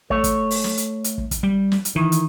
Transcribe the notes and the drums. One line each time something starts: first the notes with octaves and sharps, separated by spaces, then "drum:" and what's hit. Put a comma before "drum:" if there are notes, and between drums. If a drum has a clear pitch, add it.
A3 C#5, drum: kick
drum: kick, hi-hat
drum: open hi-hat
drum: snare
drum: hi-hat
drum: hi-hat
drum: kick
drum: kick, hi-hat
G3
drum: snare
drum: hi-hat
D#3 E3
drum: hi-hat